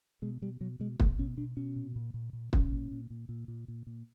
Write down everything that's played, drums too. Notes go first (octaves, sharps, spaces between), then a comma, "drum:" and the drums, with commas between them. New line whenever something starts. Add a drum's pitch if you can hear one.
B2 G#3
B2 G3
B2 F#3
B2 G#3
B2 A3, drum: kick
B2 C#4
B2 D4
B2 C#4
A#2
A#2
A#2
A#2
A#2 C#4, drum: kick
A#2
A#2
A#2
A#2
A#2
A#2
A#2